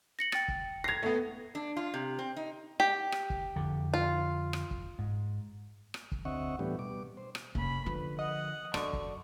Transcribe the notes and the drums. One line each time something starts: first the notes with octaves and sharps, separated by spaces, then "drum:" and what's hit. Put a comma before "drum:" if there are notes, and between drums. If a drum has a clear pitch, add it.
A#6 C#7 F#7
G5 A6, drum: rim click
drum: kick
G#6 A#6 C7 F7
A3 B3
D4
F4
C3
C4
D#4
G4
drum: rim click
drum: kick
F2 D3
F4
drum: rim click
drum: kick
G#2
drum: rim click
drum: kick
D2 C4 D#5 E5 F#5 C#6
A2 E3 G3 B3 D4 G4
B2 G3 D6
C5
drum: rim click
F1 A#3 C#4 B5, drum: kick
D3 F3 B4
D#5 F#5
F#2 D3 C#6, drum: rim click
drum: kick